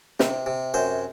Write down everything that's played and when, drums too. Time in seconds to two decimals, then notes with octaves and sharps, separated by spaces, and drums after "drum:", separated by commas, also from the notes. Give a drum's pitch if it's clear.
0.20 C3, drum: snare
0.46 C3
0.74 F#2 C5